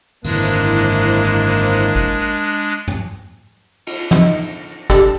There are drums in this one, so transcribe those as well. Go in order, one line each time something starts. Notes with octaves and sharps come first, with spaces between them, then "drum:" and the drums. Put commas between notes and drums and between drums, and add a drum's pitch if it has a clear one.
G#1 F#2 D3 G#3 A#3 D4 E4 C5, drum: cymbal
drum: kick G#1
drum: tom
drum: cymbal
D#4 E5, drum: tom
G3 D4 A4, drum: kick G#1